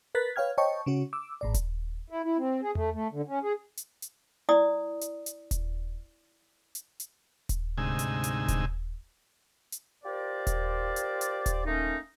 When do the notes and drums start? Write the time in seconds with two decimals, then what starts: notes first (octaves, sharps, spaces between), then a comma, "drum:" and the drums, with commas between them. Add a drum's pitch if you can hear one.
0.15 A#4 B4 F#6 A6 B6
0.36 B4 C#5 F5 G5 F6 G#6
0.58 C5 C#5 D#5 G5 A5 C#6
0.86 C#3 C#4 F#4
1.13 D6 E6
1.41 G#1 A2 D5
1.54 drum: kick D#1, hi-hat
2.10 E4
2.23 E4
2.38 C4
2.62 G#4
2.75 A3, drum: tom E2
2.94 A3
3.12 D3
3.28 C#4
3.43 G#4
3.77 drum: hi-hat
4.02 drum: hi-hat
4.49 E4 D5 D#6
5.01 drum: hi-hat
5.26 drum: hi-hat
5.51 drum: kick D#1, hi-hat
6.75 drum: hi-hat
7.00 drum: hi-hat
7.49 drum: kick D#1, hi-hat
7.78 D2 G#2 C3 D#4 G#5 E6
7.99 drum: hi-hat
8.24 drum: hi-hat
8.48 drum: kick D#1, hi-hat
9.72 drum: hi-hat
10.04 F4 G4 A#4 C5 D5
10.47 drum: kick D#1, hi-hat
10.96 drum: hi-hat
11.21 drum: hi-hat
11.46 drum: kick D#1, hi-hat
11.66 A3 A#3 C#4 D#4